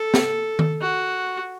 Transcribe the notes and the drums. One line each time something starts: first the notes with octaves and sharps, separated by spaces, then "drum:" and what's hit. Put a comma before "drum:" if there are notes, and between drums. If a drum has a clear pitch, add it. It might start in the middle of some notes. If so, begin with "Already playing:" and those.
Already playing: A4
drum: snare
drum: tom D#3
F#4